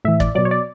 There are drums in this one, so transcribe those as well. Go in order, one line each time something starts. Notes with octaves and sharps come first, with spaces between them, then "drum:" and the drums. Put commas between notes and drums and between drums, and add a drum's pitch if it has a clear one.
A2 E3 E5
D5, drum: kick
B2 F#3 D5
C#5
D5